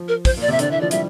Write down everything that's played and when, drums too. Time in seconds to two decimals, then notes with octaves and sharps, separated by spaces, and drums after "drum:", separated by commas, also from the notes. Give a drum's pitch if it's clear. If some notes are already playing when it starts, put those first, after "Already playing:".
Already playing: F3
0.08 A#4
0.25 C5, drum: kick, open hi-hat
0.37 A#2 D5
0.48 C3 E5
0.59 D3 D5, drum: hi-hat
0.70 E3 E5
0.81 F3 D5
0.91 G3 E5, drum: hi-hat